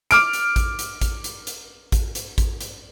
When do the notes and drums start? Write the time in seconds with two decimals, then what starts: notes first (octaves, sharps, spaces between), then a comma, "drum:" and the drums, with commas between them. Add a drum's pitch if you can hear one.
0.11 D6 F6 D7, drum: hi-hat
0.33 drum: hi-hat
0.56 drum: kick A1, hi-hat
0.79 drum: hi-hat
1.01 drum: kick A1, hi-hat
1.24 drum: hi-hat
1.47 drum: hi-hat
1.92 drum: kick A1, hi-hat
2.15 drum: hi-hat
2.38 drum: kick A1, hi-hat
2.61 drum: hi-hat